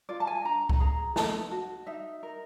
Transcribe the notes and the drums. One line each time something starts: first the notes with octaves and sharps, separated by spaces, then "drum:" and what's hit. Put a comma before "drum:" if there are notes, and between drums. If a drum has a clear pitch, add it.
F4 D5
A5
G#5
D4 A#5
drum: kick C#2
G#4 A#5
D#4 A5, drum: snare
F#4
D#4 E5
A#4